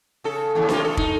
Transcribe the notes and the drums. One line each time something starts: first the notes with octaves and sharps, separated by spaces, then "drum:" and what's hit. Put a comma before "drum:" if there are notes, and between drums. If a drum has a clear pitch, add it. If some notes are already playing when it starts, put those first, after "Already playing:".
C#3 A4
D#2 A2 C#3
C3 A#3 F4, drum: snare D4
A4
D#4, drum: kick